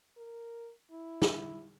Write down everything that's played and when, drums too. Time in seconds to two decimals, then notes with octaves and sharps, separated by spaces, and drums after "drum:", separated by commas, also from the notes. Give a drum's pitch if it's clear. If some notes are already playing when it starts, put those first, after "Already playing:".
0.17 A#4
0.91 E4
1.22 drum: snare